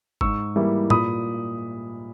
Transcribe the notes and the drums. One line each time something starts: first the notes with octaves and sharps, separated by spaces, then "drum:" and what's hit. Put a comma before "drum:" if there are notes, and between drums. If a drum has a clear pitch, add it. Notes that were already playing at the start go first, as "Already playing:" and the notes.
G#2 C#6 E6, drum: kick G1
E3 G3 A#3 E4
A#2 B5 D#6, drum: tom G#2